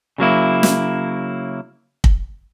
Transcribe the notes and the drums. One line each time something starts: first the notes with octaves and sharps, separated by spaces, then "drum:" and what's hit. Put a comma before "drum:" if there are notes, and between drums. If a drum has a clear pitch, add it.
C#3 F#3 A#3 E4
drum: snare
drum: kick